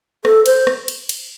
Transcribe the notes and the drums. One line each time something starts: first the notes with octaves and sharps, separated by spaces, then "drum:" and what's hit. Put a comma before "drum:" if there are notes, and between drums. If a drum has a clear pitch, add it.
A4, drum: rim click
C5, drum: cymbal
drum: rim click
drum: cymbal
drum: cymbal